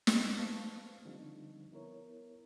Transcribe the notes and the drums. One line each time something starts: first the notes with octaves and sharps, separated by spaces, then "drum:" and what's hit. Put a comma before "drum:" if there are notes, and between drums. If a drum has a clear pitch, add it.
E2 F3 F#3, drum: snare
B4 C5 F5 A5 C#6 F6
D3 F3 G3 C4 D#4
B3 E4 A#4 C#5